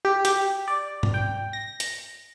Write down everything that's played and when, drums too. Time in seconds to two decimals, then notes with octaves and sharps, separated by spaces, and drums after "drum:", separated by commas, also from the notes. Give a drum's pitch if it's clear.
0.05 G4
0.25 G4, drum: hi-hat
0.68 D5
1.03 drum: tom G#2
1.14 G5
1.53 A#6
1.80 drum: hi-hat